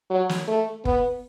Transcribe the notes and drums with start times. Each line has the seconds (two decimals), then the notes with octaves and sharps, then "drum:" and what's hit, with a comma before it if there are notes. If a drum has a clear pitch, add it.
0.10 F#3
0.29 drum: snare
0.48 A3
0.85 B3, drum: kick F#1